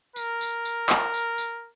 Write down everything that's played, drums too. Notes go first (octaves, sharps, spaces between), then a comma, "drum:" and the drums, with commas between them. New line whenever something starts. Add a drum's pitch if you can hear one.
A#4, drum: tambourine
drum: tambourine
drum: tambourine
drum: clap
drum: tambourine
drum: tambourine